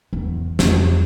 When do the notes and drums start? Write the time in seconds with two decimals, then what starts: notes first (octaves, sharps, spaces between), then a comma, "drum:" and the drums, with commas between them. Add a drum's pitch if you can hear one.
0.13 E2
0.59 F2, drum: snare